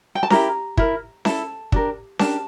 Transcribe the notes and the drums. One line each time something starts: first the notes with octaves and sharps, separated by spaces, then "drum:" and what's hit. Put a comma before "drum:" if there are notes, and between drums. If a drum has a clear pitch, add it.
G5
A5
E4 G4 A#4 A#5, drum: snare C#4
E4 A#4, drum: kick
E4 A4 A5, drum: snare C#4
D4 G4 A#4, drum: kick
D4 G4 A#4 A5, drum: snare C#4